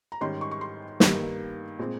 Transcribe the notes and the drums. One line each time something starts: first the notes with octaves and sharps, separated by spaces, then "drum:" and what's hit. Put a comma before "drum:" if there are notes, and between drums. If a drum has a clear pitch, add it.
A#5
G#2 D#3 G3 C#4 C6
C#6
C#6
C6
G2 D#3 G3 A#3, drum: snare
A#2 G#3 C4